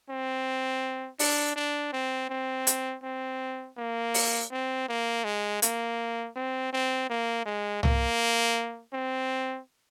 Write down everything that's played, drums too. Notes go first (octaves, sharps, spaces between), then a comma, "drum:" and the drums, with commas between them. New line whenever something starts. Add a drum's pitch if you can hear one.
C4
D4, drum: open hi-hat
D4
C4
C4
drum: hi-hat
C4
A#3
drum: open hi-hat
C4
A#3
G#3
A#3, drum: hi-hat
C4
C4
A#3
G#3
A#3, drum: tom C2
C4